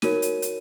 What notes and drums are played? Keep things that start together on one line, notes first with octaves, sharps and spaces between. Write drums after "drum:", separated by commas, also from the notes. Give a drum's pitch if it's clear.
D#4 F#4 A#4 C#5 D#7, drum: snare
drum: hi-hat
drum: hi-hat